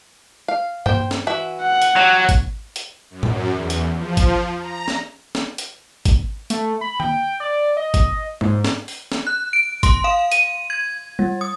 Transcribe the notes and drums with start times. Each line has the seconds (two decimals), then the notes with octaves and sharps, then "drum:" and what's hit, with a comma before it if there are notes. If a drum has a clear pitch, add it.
0.48 F5
0.86 C5 G5, drum: tom G2
1.11 drum: snare
1.27 E3 F#4 E5
1.62 F#5
1.82 drum: hi-hat
1.96 F#3 G4
2.29 drum: kick G#1, hi-hat
2.76 drum: hi-hat
3.10 F#2
3.23 drum: tom A2
3.50 E2
3.70 drum: hi-hat
3.94 F3
4.17 drum: kick G#1, hi-hat
4.60 A#5
4.88 drum: snare
5.35 drum: snare
5.58 drum: hi-hat
6.05 drum: kick G#1, hi-hat
6.50 A3, drum: hi-hat
6.81 B5
7.00 G5, drum: tom
7.40 D5
7.77 D#5
7.94 drum: kick G#1, hi-hat
8.41 G#2, drum: tom G#3
8.64 drum: snare
8.88 drum: open hi-hat
9.12 drum: snare
9.27 F#6
9.53 D7
9.83 C6, drum: kick G#1, hi-hat
10.04 F5
10.31 D#7, drum: hi-hat
10.70 G#6
11.19 G3
11.41 D#6